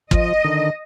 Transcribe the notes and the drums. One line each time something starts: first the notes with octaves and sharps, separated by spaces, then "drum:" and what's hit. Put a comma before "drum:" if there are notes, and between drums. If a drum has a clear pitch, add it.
F3 D#5, drum: kick
D3 D#3